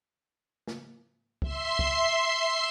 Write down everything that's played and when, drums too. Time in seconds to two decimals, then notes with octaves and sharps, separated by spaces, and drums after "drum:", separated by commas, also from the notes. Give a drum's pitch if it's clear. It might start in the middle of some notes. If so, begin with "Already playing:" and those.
0.67 drum: snare
1.42 E5 C6 C7, drum: kick
1.79 drum: kick